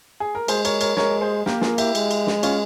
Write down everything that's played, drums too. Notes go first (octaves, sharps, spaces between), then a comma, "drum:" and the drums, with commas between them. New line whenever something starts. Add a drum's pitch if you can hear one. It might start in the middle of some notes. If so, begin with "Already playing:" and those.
G#4
A#4
G#3 G#4 C5, drum: cymbal
A#4 C#5, drum: cymbal
A#4 C#5, drum: cymbal
G#3 A#4 C#5, drum: snare
G#4 C5
A#3 G4 A#4, drum: snare
F4 G#4, drum: snare
E4 G4, drum: cymbal
G#3, drum: cymbal
drum: cymbal
drum: snare
C#4 F4, drum: cymbal